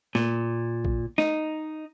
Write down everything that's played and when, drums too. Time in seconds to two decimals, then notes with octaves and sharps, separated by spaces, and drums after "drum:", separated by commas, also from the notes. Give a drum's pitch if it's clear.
0.15 A#2, drum: snare
0.85 drum: kick A1
1.18 D#4, drum: snare